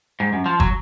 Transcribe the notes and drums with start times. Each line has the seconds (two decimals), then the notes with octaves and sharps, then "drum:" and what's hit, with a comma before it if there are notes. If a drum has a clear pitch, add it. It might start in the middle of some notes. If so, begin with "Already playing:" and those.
0.20 G#2
0.33 F#2
0.46 F3
0.60 F#3, drum: kick